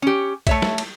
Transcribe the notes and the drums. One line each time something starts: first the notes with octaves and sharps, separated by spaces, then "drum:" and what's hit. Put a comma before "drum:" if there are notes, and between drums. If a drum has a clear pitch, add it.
C#4 G4
A3 C#5 E5, drum: kick, cymbal
drum: snare
drum: cymbal